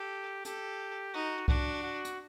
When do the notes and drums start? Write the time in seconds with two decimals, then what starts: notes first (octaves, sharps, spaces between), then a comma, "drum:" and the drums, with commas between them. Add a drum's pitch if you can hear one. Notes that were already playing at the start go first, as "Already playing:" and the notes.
Already playing: G4 A4
0.45 G4 A4, drum: hi-hat
1.14 D#4 F#4
1.48 D4 F#4, drum: kick C2
1.82 F#4
2.05 drum: hi-hat